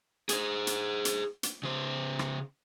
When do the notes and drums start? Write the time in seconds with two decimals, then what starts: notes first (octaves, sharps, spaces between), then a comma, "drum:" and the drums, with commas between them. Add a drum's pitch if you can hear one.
0.29 G#4 C5, drum: hi-hat
0.67 drum: hi-hat
1.05 drum: hi-hat
1.43 drum: hi-hat
1.63 C#3 C5
2.19 drum: rim click